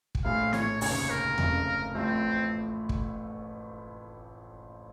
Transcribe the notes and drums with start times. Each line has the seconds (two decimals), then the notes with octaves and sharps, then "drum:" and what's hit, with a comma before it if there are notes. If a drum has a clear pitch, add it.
0.15 drum: kick
0.24 A#1 A2 A3 F5
0.53 C#5, drum: snare
0.81 F1 D#2 C#3 C#5, drum: open hi-hat
1.10 A#4
1.38 F#1 F2 C#3 A3, drum: tom E2
1.95 A1 A2 F3 A3 C4
2.89 drum: kick